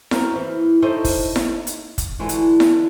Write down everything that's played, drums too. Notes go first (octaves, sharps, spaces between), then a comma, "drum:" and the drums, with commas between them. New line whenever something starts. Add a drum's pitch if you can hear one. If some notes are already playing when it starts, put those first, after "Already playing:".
C4 F#4 A#4, drum: snare E4
E3
D#4 E4 G4 A4 C5 C#5
drum: kick, open hi-hat
drum: snare E4
drum: hi-hat
drum: kick, hi-hat
D3 E3 G#3 F4 F#4
drum: hi-hat
drum: snare E4